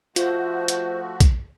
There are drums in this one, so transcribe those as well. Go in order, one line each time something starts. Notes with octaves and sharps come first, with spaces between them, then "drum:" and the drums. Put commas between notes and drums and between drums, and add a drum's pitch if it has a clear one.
F3 A3 F4 F#4 C5, drum: hi-hat
drum: hi-hat
drum: kick A#1, hi-hat